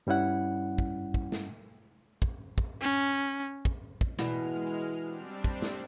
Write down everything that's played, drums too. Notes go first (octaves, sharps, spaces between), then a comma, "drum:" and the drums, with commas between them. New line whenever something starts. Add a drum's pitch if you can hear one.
G2 G3 C#4 E4 F#5
drum: kick
drum: kick
drum: snare
drum: kick
drum: kick
C#4
drum: kick
drum: kick
B2 E3 G#3 F6, drum: snare
G3 C4 D4
drum: kick
drum: snare